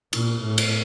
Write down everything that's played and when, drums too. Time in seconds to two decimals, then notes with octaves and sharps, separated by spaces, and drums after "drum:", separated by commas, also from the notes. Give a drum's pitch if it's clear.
0.13 A#2, drum: cymbal
0.43 A2
0.58 drum: cymbal